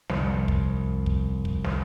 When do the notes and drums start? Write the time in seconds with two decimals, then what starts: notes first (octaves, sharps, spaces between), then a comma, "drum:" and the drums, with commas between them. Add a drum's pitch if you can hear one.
0.09 C2 F2, drum: snare
0.48 drum: kick
1.06 drum: kick
1.45 drum: kick
1.64 drum: snare